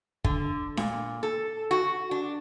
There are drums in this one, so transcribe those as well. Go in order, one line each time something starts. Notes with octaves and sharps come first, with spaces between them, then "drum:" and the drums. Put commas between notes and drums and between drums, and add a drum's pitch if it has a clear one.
D3, drum: kick
A#2, drum: snare D4
A4
F#4
D4